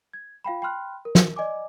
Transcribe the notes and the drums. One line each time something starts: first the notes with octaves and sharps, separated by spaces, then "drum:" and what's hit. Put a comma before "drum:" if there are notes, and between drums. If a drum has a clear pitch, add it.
G#6
F4 F5 G5 B5
G5 B5 C6 F6 F#6
A#4
drum: snare
D5 D#5 G#5 D6